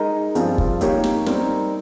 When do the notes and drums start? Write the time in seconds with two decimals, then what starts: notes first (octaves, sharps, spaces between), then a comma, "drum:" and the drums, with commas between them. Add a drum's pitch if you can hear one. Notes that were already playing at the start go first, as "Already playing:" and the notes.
Already playing: G#3 D#4 A#4 D#5
0.35 G2 F3 C4 F4 G#4, drum: hi-hat
0.58 drum: kick
0.81 A#3 D#4 G4 C#5 F5, drum: hi-hat
1.04 drum: snare
1.26 G3 C4 D#4 A#4, drum: snare